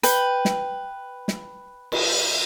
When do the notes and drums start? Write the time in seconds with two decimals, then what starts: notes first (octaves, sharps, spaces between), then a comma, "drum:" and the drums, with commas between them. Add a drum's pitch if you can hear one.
0.03 B4 G5, drum: hi-hat
0.45 drum: snare
1.28 drum: snare
1.92 drum: cymbal